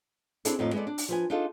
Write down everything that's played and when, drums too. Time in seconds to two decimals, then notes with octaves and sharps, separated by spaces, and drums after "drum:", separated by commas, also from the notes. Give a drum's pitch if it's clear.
0.45 C4 D4 E4 G#4 A4, drum: hi-hat
0.59 F2 A2 F3 D#4 A4 A5
0.73 G#3 B3 E4 A4 D5
0.87 D4
0.98 drum: open hi-hat
1.09 F3 B4 G#5
1.30 D4 D#4 F4 G#4 A4